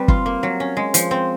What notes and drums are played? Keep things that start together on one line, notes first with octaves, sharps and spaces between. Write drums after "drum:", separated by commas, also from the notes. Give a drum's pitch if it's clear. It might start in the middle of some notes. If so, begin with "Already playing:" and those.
Already playing: G3 C4 B4
F4, drum: kick
A#3
F#3
C#4
G#3
F3, drum: hi-hat
C4